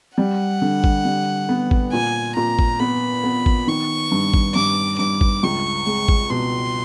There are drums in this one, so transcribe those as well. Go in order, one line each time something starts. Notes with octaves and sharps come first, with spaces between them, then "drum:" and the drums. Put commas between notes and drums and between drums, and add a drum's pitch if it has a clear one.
G3 F#5
D3
drum: kick A1
G3
B3
drum: kick A1
A#2 G#5
A#2 A#5
drum: kick A1
B3 B5
B3
drum: kick A1
D#3 C#6
G2
drum: kick A1
G2 D6
G2 D6
drum: kick A1
C#2 C#6
G#3
drum: kick A1
B2 C6